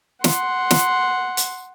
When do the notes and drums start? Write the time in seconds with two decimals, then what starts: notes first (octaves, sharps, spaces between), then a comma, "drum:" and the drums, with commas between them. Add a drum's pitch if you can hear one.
0.24 F#5 C6, drum: snare
0.71 drum: snare
1.37 drum: hi-hat